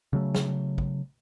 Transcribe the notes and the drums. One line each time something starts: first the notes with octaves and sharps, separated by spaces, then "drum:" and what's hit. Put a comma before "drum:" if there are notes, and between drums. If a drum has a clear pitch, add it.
C#3 F#3 A3
drum: snare
drum: kick